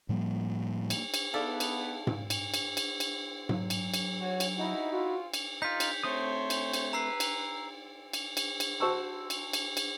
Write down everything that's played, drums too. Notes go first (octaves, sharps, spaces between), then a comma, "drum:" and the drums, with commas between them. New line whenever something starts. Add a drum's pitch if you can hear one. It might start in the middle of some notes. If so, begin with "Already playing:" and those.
A2 F3 G3 A#3
drum: cymbal
drum: cymbal
B3 D#4 G#4 A4 D5 E5 F5
drum: cymbal
drum: tom G#2
drum: cymbal
drum: cymbal
drum: cymbal
drum: cymbal
F#3, drum: tom G#2
drum: cymbal
drum: cymbal
F#4 C#5
drum: cymbal
D#4 E4 F#4
F4 F#4
drum: cymbal
D#4 F4 G6 B6
drum: cymbal
A3 C4 C5 C#5 D#6
drum: cymbal
drum: cymbal
B4 A#5 B5 E6 C7
drum: cymbal
drum: cymbal
drum: cymbal
drum: cymbal
F#4 C5 A5 C#6 E6
drum: cymbal
drum: cymbal
drum: cymbal